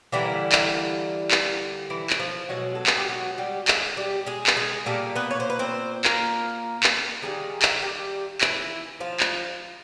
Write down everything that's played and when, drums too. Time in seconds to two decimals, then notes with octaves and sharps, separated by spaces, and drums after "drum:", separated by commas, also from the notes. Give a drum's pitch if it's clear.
0.12 D3 E3 G3 A#3 E4
0.52 drum: clap
1.31 drum: clap
1.90 E3 E4
2.10 drum: clap
2.20 F3 F4
2.49 B2 F#3 G#3 F#4
2.75 A4
2.86 G#4, drum: clap
2.97 G4
3.09 F#3 F#4
3.38 G3 G4
3.68 G#3 G#4, drum: clap
3.97 G3 G4
4.26 G#3 G#4
4.47 drum: clap
4.56 G#3 G#4
4.86 A#2 G3 A3 A#3 A4
5.16 B3 B4
5.31 C#5
5.40 C5
5.50 B4
5.59 C4 C5
6.05 A#3 A#4, drum: clap
6.83 drum: clap
7.22 D#3 G3 G#3 A#3 G#4
7.62 drum: clap
7.82 G3 G4
8.41 E3 E4, drum: clap
9.00 F3 F4
9.20 drum: clap